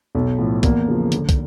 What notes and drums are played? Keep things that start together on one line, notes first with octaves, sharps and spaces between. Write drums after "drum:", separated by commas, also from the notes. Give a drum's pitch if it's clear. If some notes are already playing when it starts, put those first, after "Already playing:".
B1
A2 F3
E2 A#3, drum: kick, hi-hat
C#3 F3
D2, drum: hi-hat
drum: kick, hi-hat